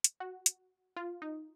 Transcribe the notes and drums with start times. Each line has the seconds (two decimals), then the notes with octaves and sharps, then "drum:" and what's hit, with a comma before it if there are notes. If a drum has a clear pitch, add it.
0.04 drum: hi-hat
0.20 F#4
0.46 drum: hi-hat
0.96 F4
1.22 D#4